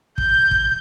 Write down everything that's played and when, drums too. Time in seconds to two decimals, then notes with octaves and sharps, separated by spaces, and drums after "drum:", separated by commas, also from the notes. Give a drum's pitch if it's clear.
0.18 G6, drum: kick
0.51 drum: kick